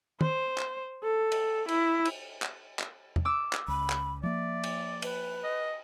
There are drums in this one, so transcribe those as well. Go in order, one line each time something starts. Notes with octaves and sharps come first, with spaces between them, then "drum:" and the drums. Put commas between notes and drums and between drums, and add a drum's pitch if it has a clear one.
C5, drum: tom
drum: clap
A4
drum: cymbal
E4, drum: cymbal
drum: cymbal
drum: clap
drum: clap
drum: tom
D6 E6
drum: clap
C#2 B5
drum: clap
F3 A#3 D5 E5
drum: cymbal
B4, drum: cymbal
D#5